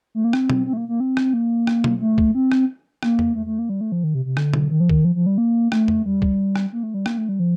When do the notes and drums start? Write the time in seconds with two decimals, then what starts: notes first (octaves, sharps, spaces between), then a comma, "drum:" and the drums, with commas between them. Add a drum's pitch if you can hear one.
0.15 A3
0.24 A#3
0.33 C4, drum: rim click
0.50 drum: tom
0.66 C4
0.73 A3
0.77 A#3
0.89 A#3
1.00 C4
1.17 drum: rim click
1.33 A#3
1.67 drum: rim click
1.84 drum: tom
2.01 A3
2.18 drum: kick
2.35 C4
2.52 drum: rim click
3.03 A#3, drum: rim click
3.19 drum: tom
3.35 A3
3.46 A3
3.59 A#3
3.69 G3
3.81 A3
3.92 F3
4.04 D#3
4.14 C3
4.25 C3
4.37 D3, drum: rim click
4.54 drum: tom
4.70 D#3
4.80 F3
4.89 D#3, drum: kick
5.05 F3
5.15 F3
5.26 G3
5.38 A#3
5.72 A3, drum: rim click
5.88 drum: tom
6.06 G3
6.22 drum: kick
6.56 drum: rim click
6.73 A#3
6.83 A3
6.94 G3
7.06 A#3, drum: rim click
7.18 A3
7.29 G3
7.39 F3